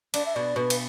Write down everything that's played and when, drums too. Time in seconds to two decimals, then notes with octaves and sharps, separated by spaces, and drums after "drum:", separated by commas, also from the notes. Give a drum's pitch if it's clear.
0.14 D4 D5, drum: cymbal
0.25 E5
0.35 B2 D5
0.56 B2 B4
0.70 drum: cymbal